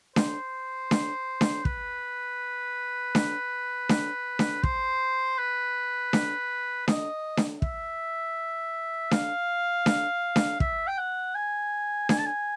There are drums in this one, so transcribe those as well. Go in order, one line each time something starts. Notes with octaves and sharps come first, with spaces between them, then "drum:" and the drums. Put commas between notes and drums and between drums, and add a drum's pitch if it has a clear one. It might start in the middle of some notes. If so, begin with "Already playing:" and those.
C5, drum: snare D4
drum: snare D4
drum: snare D4
B4, drum: kick
drum: snare D4
drum: snare D4
drum: snare D4
C5, drum: kick
B4
drum: snare D4
D#5, drum: snare D4
drum: snare D4
E5, drum: kick
F5, drum: snare D4
drum: snare D4
drum: snare D4
E5, drum: kick
G5
F#5
G#5
G#5, drum: snare D4
A5
G#5